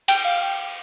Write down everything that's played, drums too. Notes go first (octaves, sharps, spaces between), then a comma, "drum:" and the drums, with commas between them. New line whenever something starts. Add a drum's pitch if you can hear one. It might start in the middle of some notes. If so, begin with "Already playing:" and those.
G5, drum: cymbal
F5